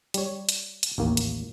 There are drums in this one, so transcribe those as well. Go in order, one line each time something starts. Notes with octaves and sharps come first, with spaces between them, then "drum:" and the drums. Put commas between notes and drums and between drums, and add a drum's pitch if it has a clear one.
G3 C#5, drum: hi-hat
drum: hi-hat
drum: hi-hat
A1 D#2 A#3
drum: hi-hat